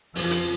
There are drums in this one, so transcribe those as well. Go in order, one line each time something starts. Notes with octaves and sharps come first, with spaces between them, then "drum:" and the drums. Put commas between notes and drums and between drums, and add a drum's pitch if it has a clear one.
F2 C#3 F3, drum: open hi-hat
drum: hi-hat